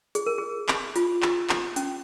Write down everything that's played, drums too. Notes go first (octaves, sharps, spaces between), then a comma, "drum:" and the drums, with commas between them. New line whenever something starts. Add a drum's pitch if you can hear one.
G#4, drum: hi-hat
A#4
G#4
drum: clap
F4, drum: hi-hat
drum: clap
drum: clap
C#4, drum: hi-hat